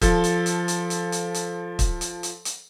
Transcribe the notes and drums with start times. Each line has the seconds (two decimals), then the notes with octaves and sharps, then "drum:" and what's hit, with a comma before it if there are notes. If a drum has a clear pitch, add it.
0.02 F3 A4, drum: kick, hi-hat
0.24 drum: hi-hat
0.46 drum: hi-hat
0.68 drum: hi-hat
0.90 drum: hi-hat
1.12 drum: hi-hat
1.34 drum: hi-hat
1.79 drum: kick, hi-hat
2.01 drum: hi-hat
2.23 drum: hi-hat
2.45 drum: hi-hat